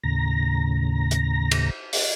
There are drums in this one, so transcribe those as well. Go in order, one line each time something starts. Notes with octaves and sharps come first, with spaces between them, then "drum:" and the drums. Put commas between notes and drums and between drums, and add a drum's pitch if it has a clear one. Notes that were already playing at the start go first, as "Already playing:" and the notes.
D#2 A2 C#3 A#5 A#6
drum: hi-hat
drum: cymbal
drum: open hi-hat